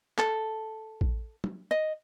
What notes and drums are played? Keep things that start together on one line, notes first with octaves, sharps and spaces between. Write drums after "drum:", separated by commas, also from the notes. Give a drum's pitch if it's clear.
A4, drum: clap
drum: kick
drum: tom
D#5